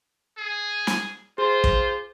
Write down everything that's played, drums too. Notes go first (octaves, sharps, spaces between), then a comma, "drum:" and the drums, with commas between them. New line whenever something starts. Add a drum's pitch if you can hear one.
G#4
drum: snare
F4 G#4 C5
drum: kick